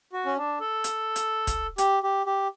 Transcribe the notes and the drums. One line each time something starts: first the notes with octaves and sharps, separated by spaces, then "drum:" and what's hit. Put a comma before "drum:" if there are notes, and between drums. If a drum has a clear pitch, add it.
F#4
C#4
D4
A4
drum: hi-hat
drum: hi-hat
drum: kick, hi-hat
G4, drum: hi-hat
G4
G4